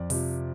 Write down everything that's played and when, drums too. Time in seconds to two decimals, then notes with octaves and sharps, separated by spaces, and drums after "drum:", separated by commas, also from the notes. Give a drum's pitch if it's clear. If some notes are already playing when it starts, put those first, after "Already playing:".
Already playing: F2 D5
0.10 C3 F3, drum: open hi-hat